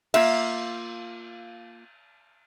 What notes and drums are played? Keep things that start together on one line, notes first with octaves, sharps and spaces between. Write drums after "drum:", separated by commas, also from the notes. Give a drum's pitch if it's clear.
A#3 F4 E5, drum: cymbal